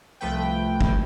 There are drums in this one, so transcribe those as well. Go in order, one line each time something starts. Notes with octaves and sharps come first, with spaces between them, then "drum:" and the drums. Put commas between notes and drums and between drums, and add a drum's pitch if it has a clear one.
C2 F3 A3 B4 G5
drum: kick